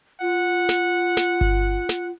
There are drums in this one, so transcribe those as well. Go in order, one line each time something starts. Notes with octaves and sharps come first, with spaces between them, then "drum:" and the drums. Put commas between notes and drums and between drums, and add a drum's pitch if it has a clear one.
F4 F#5
drum: snare
drum: snare
drum: kick G1
drum: snare